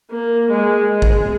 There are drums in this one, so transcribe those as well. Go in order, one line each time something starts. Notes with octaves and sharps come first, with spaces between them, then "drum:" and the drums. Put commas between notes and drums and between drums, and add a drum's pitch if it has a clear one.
A#3
G#3
G#3
drum: kick A1